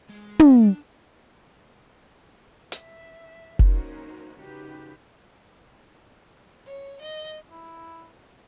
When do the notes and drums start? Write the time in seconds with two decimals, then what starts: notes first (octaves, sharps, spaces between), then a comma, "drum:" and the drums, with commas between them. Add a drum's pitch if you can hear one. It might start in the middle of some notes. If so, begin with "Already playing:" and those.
0.09 G#3
0.39 D5 E5, drum: tom
0.57 D4
2.72 E5, drum: hi-hat
3.59 A#3 C#4 D#4 F#4 A#4 C5, drum: kick F1
4.39 C#3 D#4 F#4 G4 B4
6.66 C#5
7.01 D#5
7.49 E4